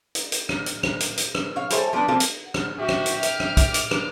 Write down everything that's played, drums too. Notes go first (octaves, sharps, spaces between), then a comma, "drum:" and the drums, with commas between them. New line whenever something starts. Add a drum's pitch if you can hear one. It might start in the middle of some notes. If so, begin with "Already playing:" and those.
drum: hi-hat
drum: hi-hat
drum: rim click
drum: hi-hat
drum: rim click
drum: hi-hat
drum: hi-hat
drum: rim click
C#5 F5
G3 G#4 A4 C5 C#5 E5, drum: hi-hat
F3 G3 B3 D4
F3 G3 A#3 C4 F4 A4
drum: hi-hat
F#5
drum: rim click
F#4 G4 E5
drum: rim click
drum: hi-hat
D6 F6, drum: hi-hat
drum: rim click
drum: kick, hi-hat
drum: hi-hat
drum: rim click